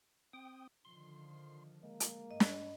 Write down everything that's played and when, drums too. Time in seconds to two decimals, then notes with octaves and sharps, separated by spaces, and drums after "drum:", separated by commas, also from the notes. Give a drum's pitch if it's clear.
0.33 C4 G5 D#6
0.85 D3 D#3 F3 C6
1.83 G#3 A#3
2.00 drum: hi-hat
2.31 G2 D#5
2.40 drum: snare